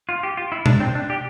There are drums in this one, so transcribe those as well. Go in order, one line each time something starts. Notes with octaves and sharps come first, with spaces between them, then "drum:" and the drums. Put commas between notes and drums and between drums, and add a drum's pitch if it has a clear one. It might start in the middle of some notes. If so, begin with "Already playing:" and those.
F4
G4
F4
E4
D4, drum: tom B2
C4
D4
G4